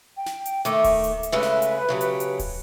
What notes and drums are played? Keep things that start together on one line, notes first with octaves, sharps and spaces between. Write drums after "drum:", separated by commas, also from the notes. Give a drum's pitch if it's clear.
G5
drum: snare
drum: hi-hat
D#3 A3 D6, drum: hi-hat
drum: kick D1, open hi-hat
drum: hi-hat
drum: hi-hat
C#3 G#3 A3 B4
drum: snare
drum: hi-hat
C#3 F#3 G4
drum: hi-hat
drum: hi-hat
drum: kick D1, open hi-hat